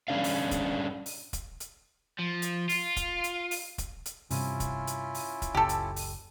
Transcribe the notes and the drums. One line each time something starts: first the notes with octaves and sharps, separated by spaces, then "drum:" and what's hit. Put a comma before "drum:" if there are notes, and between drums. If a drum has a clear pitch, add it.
G2 D#3 C#4 D4 F5
drum: open hi-hat
drum: kick, hi-hat
drum: open hi-hat
drum: kick, hi-hat
drum: hi-hat
F3
drum: hi-hat
F4, drum: open hi-hat
drum: kick, hi-hat
drum: hi-hat
drum: open hi-hat
drum: kick, hi-hat
drum: hi-hat
G2 C3 C#4 E4 F4, drum: open hi-hat
drum: kick, hi-hat
drum: hi-hat
drum: open hi-hat
drum: kick, hi-hat
F#1 C#2 G4 A4
drum: hi-hat
drum: open hi-hat